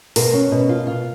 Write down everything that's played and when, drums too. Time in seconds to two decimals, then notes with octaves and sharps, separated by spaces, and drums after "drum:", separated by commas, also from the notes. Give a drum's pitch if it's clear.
0.16 B2 A#4, drum: open hi-hat
0.33 C#4
0.52 B2
0.69 F4
0.87 F4